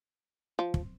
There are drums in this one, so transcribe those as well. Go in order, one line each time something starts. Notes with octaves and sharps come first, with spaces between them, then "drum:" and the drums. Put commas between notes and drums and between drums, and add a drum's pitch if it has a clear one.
F3
drum: kick